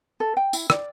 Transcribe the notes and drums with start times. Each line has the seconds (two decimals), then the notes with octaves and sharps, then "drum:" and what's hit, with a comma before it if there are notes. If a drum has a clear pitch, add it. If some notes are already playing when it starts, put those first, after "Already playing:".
0.20 A4
0.37 G5
0.53 E4, drum: tambourine
0.70 D5, drum: rim click